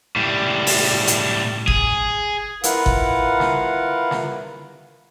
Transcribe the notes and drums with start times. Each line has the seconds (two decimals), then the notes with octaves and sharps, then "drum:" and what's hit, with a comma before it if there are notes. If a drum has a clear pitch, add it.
0.16 A2 G3
0.67 drum: open hi-hat
1.07 drum: hi-hat
1.68 G#4, drum: kick G1
2.64 E4 F4 A#4 B4 F5 F#5, drum: hi-hat
2.86 drum: kick G1
3.40 drum: snare
4.11 drum: snare